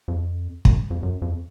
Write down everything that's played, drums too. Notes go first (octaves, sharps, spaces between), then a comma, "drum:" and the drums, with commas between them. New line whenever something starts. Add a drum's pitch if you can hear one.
F2
F#2, drum: kick
F2
F#2
F2